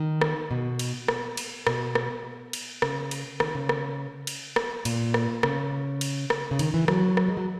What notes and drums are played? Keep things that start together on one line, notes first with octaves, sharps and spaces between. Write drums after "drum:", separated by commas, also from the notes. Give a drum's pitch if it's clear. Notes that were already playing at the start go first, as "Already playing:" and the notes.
Already playing: D#3
drum: rim click
B2
drum: cymbal
drum: rim click
drum: cymbal
B2, drum: rim click
drum: rim click
drum: cymbal
C#3, drum: rim click
drum: cymbal
D#3, drum: rim click
C#3
drum: rim click
drum: cymbal
drum: rim click
A#2, drum: cymbal
drum: rim click
C#3, drum: rim click
drum: cymbal
drum: rim click
C#3
D#3, drum: cymbal
E3
F#3, drum: rim click
drum: rim click
G#3
F#3